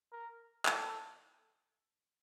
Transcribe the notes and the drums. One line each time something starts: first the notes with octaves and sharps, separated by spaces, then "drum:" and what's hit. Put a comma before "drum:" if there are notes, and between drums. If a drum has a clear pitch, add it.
A#4
A4, drum: clap